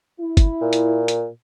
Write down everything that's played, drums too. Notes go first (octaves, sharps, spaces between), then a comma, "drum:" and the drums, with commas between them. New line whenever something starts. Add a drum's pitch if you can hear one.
E4
drum: kick, hi-hat
A#2
drum: hi-hat
drum: hi-hat